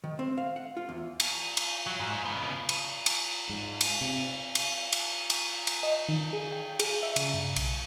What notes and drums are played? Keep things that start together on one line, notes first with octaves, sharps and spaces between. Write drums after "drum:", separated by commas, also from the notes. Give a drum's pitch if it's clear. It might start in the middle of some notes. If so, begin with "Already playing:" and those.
D#3
C4
F5
F#5
F4
E2
drum: cymbal
drum: cymbal
F#3
G#2
C#3 B3
drum: cymbal
drum: cymbal
G#2
drum: cymbal
C3
drum: cymbal
drum: cymbal
drum: cymbal
drum: cymbal
D#5
D#3
G#4
G5
G#4, drum: cymbal
E5
C#3, drum: cymbal
G2
B1, drum: cymbal